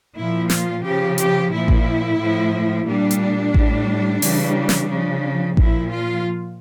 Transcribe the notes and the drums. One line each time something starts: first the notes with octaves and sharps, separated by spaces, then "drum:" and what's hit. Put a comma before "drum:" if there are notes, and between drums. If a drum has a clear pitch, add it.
A#2 F3 E4
F4, drum: snare
C#3 F3 G4
G4, drum: hi-hat
A#2 F3 E4
drum: kick A1
A2 F3
A#2 G3 D4
drum: hi-hat
A2 G3, drum: kick A1
C#3 E3 G3, drum: open hi-hat
drum: snare
C#3 F3
A#2 F3 E4, drum: kick A1
F4